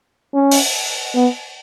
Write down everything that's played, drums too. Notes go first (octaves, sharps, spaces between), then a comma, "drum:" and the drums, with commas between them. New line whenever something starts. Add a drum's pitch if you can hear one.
C#4
drum: open hi-hat
B3